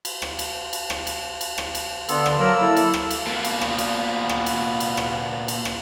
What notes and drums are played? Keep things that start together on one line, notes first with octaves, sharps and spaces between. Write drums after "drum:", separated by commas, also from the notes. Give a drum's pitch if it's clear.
drum: cymbal
drum: rim click
drum: cymbal
drum: cymbal
drum: rim click
drum: cymbal
drum: cymbal
drum: rim click
drum: cymbal
D3 B3 D4 A4 C6, drum: cymbal
drum: rim click
F#3 A#3 A#4 A5 B5 E6
E4 A4
drum: cymbal
drum: rim click
drum: cymbal
A#2 B3
drum: cymbal
drum: rim click
drum: cymbal
drum: rim click
drum: cymbal
drum: cymbal
drum: rim click
drum: cymbal
drum: rim click